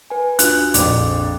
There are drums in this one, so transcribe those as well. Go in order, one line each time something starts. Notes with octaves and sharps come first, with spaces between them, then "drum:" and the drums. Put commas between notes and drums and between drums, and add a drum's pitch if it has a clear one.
B4 G#5
D4 F4 F#4 F#6, drum: hi-hat
A#1 F2 D6, drum: hi-hat